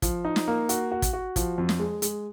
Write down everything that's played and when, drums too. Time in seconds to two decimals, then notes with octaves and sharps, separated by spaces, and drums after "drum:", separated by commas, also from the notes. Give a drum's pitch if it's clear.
0.02 F3, drum: kick, hi-hat
0.25 D#4
0.36 drum: snare
0.48 A#3
0.69 F#4, drum: hi-hat
0.91 F#4
1.02 drum: kick, hi-hat
1.13 F#4
1.36 F3, drum: kick, hi-hat
1.58 F2
1.69 drum: snare
1.79 G#3
2.02 G#3, drum: hi-hat